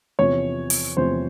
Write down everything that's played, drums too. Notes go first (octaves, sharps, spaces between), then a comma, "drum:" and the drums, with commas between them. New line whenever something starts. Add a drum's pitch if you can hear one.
E2 C3 F3 C#5
drum: open hi-hat
E2 C3 F3 C5